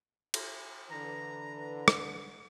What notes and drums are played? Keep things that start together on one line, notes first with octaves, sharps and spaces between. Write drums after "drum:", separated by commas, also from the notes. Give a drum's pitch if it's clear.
drum: cymbal
D3 E3 B4 A#5
drum: rim click